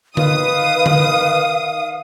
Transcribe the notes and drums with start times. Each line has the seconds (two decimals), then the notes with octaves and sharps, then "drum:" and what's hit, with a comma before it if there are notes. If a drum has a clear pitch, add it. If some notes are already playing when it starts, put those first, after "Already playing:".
0.17 D#3 B4 F5 D#6, drum: tom D3
0.86 drum: tom D3